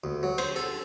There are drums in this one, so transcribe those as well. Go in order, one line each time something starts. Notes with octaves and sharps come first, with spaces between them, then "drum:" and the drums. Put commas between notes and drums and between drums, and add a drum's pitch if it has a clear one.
D2
F#3
C5, drum: cymbal
A4